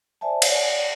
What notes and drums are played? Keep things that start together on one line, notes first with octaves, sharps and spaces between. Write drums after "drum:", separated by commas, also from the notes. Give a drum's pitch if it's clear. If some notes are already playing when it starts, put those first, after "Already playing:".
C5 D5 E5 G#5 A5
C#5 D5, drum: cymbal